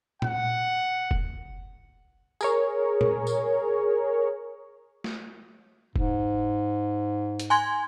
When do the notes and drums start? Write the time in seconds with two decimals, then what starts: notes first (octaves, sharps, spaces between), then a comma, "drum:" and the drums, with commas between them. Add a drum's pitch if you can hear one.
0.22 F#5, drum: tom A#2
1.11 drum: kick F1
2.41 G#4 A#4 C#5, drum: tambourine
3.01 drum: tom A#2
3.27 drum: tambourine
5.04 drum: snare
5.96 G#2, drum: kick F1
7.40 drum: hi-hat
7.50 G#5 C6 G#6